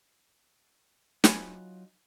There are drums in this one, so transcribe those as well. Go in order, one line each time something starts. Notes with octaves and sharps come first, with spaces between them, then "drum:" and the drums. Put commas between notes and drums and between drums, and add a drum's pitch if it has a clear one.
F#3 D#4 F4 G#5 B5 G#6, drum: snare